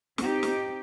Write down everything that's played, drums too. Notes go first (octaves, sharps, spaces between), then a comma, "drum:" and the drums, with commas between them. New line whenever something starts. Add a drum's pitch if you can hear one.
C4 D#4 G4, drum: snare
drum: snare